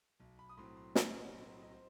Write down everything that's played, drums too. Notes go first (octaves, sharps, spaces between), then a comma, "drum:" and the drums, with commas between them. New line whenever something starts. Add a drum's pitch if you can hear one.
B1
B5
D#6
A2 F#3 C4 C6
C6
B1 D#5, drum: snare
A2 F#3 C4
D#5
C5